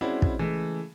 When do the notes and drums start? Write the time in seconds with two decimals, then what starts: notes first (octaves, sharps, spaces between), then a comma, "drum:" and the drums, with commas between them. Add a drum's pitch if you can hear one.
0.01 G#3 C4 C#4 E4 F#4 D5
0.22 drum: kick
0.39 C#3 E3 G#3 A3